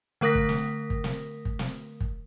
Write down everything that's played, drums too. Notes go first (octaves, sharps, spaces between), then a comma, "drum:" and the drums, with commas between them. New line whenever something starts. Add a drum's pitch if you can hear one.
D3 A3 A#4 D#6 A#6 B6
drum: kick
drum: snare
drum: kick
drum: snare
drum: kick
drum: snare
drum: kick